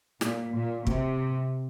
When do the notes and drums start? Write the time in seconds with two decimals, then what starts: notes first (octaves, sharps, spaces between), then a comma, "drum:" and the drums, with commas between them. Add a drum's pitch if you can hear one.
0.21 A#2, drum: snare
0.54 A#2
0.87 C3, drum: kick